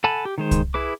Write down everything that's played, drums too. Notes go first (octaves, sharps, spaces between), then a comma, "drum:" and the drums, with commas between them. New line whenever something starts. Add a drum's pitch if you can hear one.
A4 F#5 G#5 A5 B5
G4
D#3 G#3 C5
drum: kick C2, hi-hat
E4 G#4 B4 D6